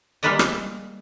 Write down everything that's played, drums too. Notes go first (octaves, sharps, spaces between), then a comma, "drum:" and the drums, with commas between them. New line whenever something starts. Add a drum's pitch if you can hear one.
G3 G#3 A#3 B4 D5 D#5
drum: rim click